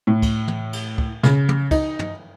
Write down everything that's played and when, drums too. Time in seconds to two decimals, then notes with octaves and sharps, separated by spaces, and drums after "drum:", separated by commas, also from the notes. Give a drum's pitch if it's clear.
0.07 A2
0.22 drum: kick C#2, cymbal
0.48 drum: tom
0.73 drum: cymbal
0.98 drum: kick C#2
1.23 C#3, drum: snare
1.49 drum: tom
1.71 D#4, drum: kick C#2, cymbal
1.99 drum: tom